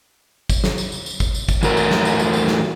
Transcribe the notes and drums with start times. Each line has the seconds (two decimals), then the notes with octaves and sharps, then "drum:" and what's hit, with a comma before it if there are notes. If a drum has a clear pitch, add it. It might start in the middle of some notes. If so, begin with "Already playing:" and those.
0.50 drum: kick, tambourine
0.64 drum: snare
0.78 drum: tambourine
0.92 drum: tambourine
1.06 drum: tambourine
1.20 drum: kick, tambourine
1.34 drum: tambourine
1.49 drum: kick, tambourine
1.63 E3 A3 F#4 A#4, drum: tambourine
1.77 drum: tambourine
1.91 drum: snare
2.05 drum: tambourine
2.19 drum: tambourine
2.33 drum: tambourine
2.48 drum: snare